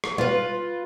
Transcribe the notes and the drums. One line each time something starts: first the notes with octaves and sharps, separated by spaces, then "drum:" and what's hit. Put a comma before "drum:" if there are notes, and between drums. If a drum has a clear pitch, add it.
drum: rim click
F4 B4, drum: tom G3